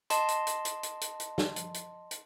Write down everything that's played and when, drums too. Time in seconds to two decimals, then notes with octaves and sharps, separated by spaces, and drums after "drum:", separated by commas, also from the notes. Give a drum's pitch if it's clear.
0.10 D#5 A5 C6, drum: hi-hat
0.28 drum: hi-hat
0.47 drum: hi-hat
0.65 drum: hi-hat
0.83 drum: hi-hat
1.01 drum: hi-hat
1.20 drum: hi-hat
1.38 drum: snare
1.56 drum: hi-hat
1.74 drum: hi-hat
2.11 drum: hi-hat